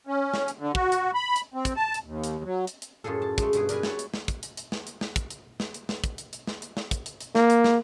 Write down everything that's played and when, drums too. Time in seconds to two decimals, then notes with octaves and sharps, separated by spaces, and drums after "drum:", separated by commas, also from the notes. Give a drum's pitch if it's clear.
0.07 C#4
0.34 drum: snare
0.48 drum: hi-hat
0.59 D3
0.75 F#4, drum: kick
0.92 drum: hi-hat
1.14 B5
1.36 drum: hi-hat
1.54 C4
1.65 drum: kick, hi-hat
1.76 A5
1.94 drum: hi-hat
2.04 D#2
2.24 drum: hi-hat
2.44 F#3
2.67 drum: hi-hat
2.82 drum: hi-hat
3.04 F#2 A2 F4 G#4 A4
3.22 A5
3.38 G#3 A3, drum: kick, hi-hat
3.53 G2 B2 G#4, drum: hi-hat
3.69 D4 A#4 B4 G#5, drum: hi-hat
3.83 C#5 G#5 A5, drum: snare
3.99 drum: hi-hat
4.14 drum: snare
4.28 drum: kick, hi-hat
4.43 drum: hi-hat
4.57 drum: hi-hat
4.72 drum: snare
4.87 drum: hi-hat
5.01 drum: snare
5.16 drum: kick, hi-hat
5.30 drum: hi-hat
5.60 drum: snare
5.74 drum: hi-hat
5.89 drum: snare
6.04 drum: kick, hi-hat
6.18 drum: hi-hat
6.33 drum: hi-hat
6.47 drum: snare
6.62 drum: hi-hat
6.77 drum: snare
6.91 drum: kick, hi-hat
7.06 drum: hi-hat
7.21 drum: hi-hat
7.35 A#3, drum: snare
7.50 drum: hi-hat
7.64 drum: snare